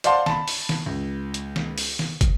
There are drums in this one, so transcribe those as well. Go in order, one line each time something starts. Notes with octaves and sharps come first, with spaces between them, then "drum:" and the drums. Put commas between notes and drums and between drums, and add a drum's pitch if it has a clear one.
C5 D5 F5 F#5 A5 C6, drum: hi-hat
A5 B5, drum: snare
drum: open hi-hat
drum: snare
C#2
drum: hi-hat
drum: snare
drum: open hi-hat
drum: snare
drum: kick, hi-hat